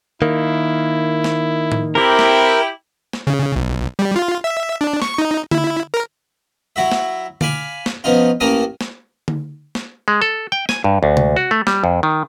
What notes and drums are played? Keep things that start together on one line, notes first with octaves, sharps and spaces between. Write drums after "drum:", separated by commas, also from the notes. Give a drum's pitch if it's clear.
D#3 A#3 E4
drum: snare
drum: tom A2
C4 E4 G4 A#4
drum: snare
drum: snare
C#3
B1
G3
F4
E5
D4
C#6, drum: snare
D#4
E4, drum: tom D3
A#4
F#3 E4 F#4 E5
drum: snare
D5 F5 G#5 B5, drum: tom D3
drum: snare
F3 B3 C#4 D#4 F4
A1 A#3 C#4 A#4 A5 D#6
drum: snare
drum: tom D3
drum: snare
G#3
A4
G5
G#5, drum: snare
G2
D2
drum: tom C3
F#4
A3
G3, drum: snare
F2
D#3